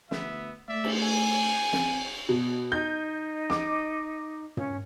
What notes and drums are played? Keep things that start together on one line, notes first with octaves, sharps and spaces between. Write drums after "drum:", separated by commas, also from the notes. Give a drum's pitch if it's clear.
D2 B3 E5, drum: snare
A3 D5 E5
drum: cymbal
G#5
C4, drum: snare
B2
D#4 G6
D6, drum: snare
C#4, drum: tom